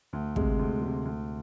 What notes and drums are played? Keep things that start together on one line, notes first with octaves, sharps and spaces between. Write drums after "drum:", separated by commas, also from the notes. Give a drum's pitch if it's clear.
D2
C3 G#3, drum: kick
D2
C3 G#3
D2